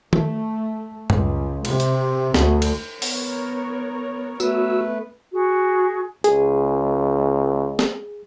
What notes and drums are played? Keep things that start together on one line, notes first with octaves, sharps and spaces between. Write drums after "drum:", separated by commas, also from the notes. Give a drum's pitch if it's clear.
A3, drum: tom D#3
C#2, drum: tom F#2
C3, drum: cymbal
drum: hi-hat
D2, drum: snare
drum: cymbal
B3 A#4 C#5, drum: open hi-hat
A3 B3 F#4 B4 E6, drum: tambourine
F#4 G#4
C#2 G#4, drum: hi-hat
drum: snare